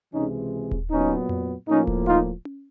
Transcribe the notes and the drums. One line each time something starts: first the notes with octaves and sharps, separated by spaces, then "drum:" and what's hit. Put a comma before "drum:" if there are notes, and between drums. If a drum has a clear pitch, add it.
C#2 C3 E3 G#3 C#4 D#4
drum: kick D#1
A#2 F#3 B3 C#4 D#4
drum: tom F2
A2 F3 A#3 C#4 D#4
drum: kick D#1
D#4 F4
drum: tom C#4